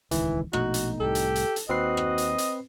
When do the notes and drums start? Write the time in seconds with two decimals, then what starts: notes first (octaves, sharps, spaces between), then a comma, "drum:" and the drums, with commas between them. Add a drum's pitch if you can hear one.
0.11 D#1 C#2 D#3 E3, drum: hi-hat
0.53 A#1 B2 A3 D#4 F#4, drum: rim click
0.74 drum: hi-hat
1.00 C2 A2 G4 A4
1.15 drum: hi-hat
1.35 drum: hi-hat
1.56 drum: hi-hat
1.69 D#2 C4 F#4 B4 D#5 C7
1.97 drum: rim click
2.18 drum: hi-hat
2.38 drum: hi-hat